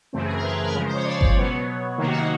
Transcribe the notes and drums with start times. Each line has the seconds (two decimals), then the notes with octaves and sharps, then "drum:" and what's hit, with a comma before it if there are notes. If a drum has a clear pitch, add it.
0.13 F#2 C#3 E3 A3 C4
0.24 G#4
0.33 A#4
0.43 B4
0.54 B4
0.64 A#4
0.74 C#3 F3 G#3
0.85 C5
0.95 C#5
1.05 D5
1.21 C#5, drum: kick G1
1.36 B2 F#3 B3
1.98 C3 D#3 F#3 A#3
2.08 F#4
2.19 D#4